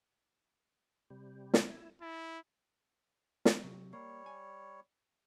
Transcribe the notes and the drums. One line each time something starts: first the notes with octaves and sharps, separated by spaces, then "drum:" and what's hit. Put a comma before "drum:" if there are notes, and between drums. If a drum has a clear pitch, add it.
C3 G3
drum: snare
E4
E4 A5
drum: snare
C3 F#3
G3 A#3 C#5
G#5